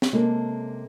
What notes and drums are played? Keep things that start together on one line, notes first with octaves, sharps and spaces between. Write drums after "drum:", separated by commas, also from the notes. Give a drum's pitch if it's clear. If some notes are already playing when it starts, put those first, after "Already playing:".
drum: snare
C3 G#3 A#3 C#4 A4 A5